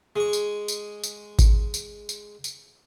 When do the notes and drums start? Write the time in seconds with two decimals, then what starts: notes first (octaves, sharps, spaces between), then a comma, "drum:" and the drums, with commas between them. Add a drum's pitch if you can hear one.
0.16 G#3 C#6
0.33 drum: tambourine
0.68 drum: tambourine
1.03 drum: tambourine
1.39 drum: kick G#1, tambourine
1.74 drum: tambourine
2.09 drum: tambourine
2.44 drum: tambourine